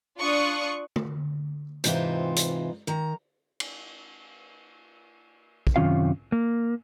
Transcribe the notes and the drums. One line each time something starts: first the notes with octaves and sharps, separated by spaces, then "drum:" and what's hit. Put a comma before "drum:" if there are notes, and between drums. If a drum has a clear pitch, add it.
D4 F4 C#6 D#6 F#6
drum: tom D3
G#2 C3 E3 C4 D#4 F4, drum: hi-hat
drum: hi-hat
D#3 A#5
drum: cymbal
drum: kick
F#2 C3 D#3 C#4 F4 F5
A#3